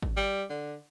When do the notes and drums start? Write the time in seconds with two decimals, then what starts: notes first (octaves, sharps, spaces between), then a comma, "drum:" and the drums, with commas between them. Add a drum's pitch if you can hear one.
0.02 drum: kick G#1
0.17 G3
0.50 D3